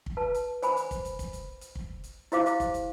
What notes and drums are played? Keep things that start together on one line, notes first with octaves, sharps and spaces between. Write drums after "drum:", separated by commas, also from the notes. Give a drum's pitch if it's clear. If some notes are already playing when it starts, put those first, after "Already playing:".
drum: kick
B4 A5
drum: hi-hat
C5 G#5 B5, drum: hi-hat
drum: hi-hat
drum: kick, hi-hat
drum: hi-hat
drum: kick, hi-hat
drum: hi-hat
drum: hi-hat
drum: kick
drum: hi-hat
E4 G4 C5 F5 D6, drum: hi-hat
drum: hi-hat
drum: kick, hi-hat
drum: hi-hat